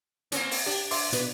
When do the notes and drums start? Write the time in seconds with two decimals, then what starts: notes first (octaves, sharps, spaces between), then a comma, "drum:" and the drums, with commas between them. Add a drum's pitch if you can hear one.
0.32 A#3 C4 C#4, drum: hi-hat
0.51 drum: open hi-hat
0.66 D4 G4
0.91 E5 C6 D6, drum: open hi-hat
1.13 B2 B4, drum: hi-hat